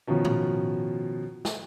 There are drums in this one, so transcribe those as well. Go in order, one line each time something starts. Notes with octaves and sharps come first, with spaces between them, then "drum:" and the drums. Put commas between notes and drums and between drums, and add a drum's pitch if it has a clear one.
B2 D#3 F3 C#4
drum: tom A2
drum: snare